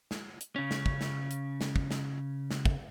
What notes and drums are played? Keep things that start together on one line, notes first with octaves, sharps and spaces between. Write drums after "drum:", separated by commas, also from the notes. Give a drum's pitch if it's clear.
drum: snare
drum: hi-hat
C#3 C#4
drum: snare
drum: kick
drum: snare
drum: hi-hat
drum: snare
drum: kick
drum: snare
drum: snare
drum: kick